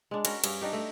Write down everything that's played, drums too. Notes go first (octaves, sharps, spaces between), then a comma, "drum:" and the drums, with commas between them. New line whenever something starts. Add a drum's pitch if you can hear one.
G#3 D4
C#4 F#4 A#4, drum: cymbal
G2 C#4, drum: cymbal
D4 D#4 G4
A3